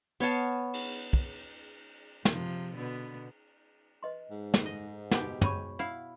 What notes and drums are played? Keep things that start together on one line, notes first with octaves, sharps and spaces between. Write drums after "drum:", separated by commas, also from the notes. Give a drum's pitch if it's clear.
B3 C#5 F5 A5
drum: cymbal
drum: kick
C3 F3, drum: snare
B2 D3 B3
B4 D#5 C6
G#2
drum: snare
A4 D#5
B2 G4, drum: snare
C#5 G#5 B5 C#6, drum: tom
E4 F5 F#5